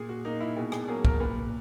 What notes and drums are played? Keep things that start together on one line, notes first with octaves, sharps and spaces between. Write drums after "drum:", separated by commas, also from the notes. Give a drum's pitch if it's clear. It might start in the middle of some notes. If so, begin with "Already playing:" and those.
Already playing: A#2 G#4
F#4
A#3 D#4
E4
B2 G#4
G#4, drum: rim click
F#3 A#3 G#4
A#4, drum: kick
A#2 B4